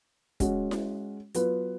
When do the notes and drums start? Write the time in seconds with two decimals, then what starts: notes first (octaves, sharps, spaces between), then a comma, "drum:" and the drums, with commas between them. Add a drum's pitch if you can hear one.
0.40 G#3 C#4 F#4, drum: kick, hi-hat
0.71 drum: snare E4
1.34 F#3 B3 F4 B4, drum: hi-hat